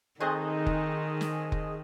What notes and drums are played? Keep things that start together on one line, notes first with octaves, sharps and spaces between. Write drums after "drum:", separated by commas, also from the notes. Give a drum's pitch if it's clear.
D#3 G#3 A3 C4 D#4 G#4 D#5
drum: kick F1
drum: snare
drum: kick F1